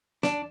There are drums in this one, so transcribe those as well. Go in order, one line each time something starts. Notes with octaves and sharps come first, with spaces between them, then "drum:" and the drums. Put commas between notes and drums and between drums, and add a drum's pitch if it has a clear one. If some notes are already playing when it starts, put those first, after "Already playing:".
D4, drum: snare